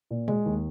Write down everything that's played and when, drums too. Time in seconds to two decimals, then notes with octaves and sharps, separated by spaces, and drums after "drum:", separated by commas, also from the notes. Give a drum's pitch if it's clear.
0.10 A#2
0.28 G#3, drum: tom A#2
0.45 D#2